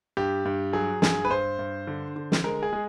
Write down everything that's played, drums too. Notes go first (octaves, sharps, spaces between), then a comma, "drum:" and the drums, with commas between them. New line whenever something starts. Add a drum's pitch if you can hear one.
G2 G4
G2
F#3 G#4
G2 G#4, drum: snare
B4
G2 C5
G2
D3
D3
drum: snare
G#3 A#4
G#4
G#3